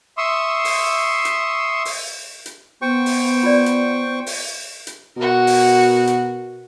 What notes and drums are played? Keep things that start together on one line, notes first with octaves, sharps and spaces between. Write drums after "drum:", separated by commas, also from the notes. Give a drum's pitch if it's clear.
E5 C6 C#6 D#6 E6
drum: open hi-hat
drum: hi-hat
drum: open hi-hat
drum: hi-hat
B3 C5 G5 C#6
drum: open hi-hat
F4 D5
drum: hi-hat
drum: open hi-hat
drum: hi-hat
B2 F#4 A#4
drum: open hi-hat
drum: hi-hat